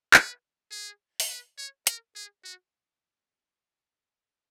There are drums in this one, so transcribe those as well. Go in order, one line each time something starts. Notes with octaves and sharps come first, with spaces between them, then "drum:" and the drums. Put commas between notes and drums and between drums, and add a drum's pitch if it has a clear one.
B4, drum: clap
G#4
drum: open hi-hat
B4
C#5
A#4, drum: hi-hat
G#4
F#4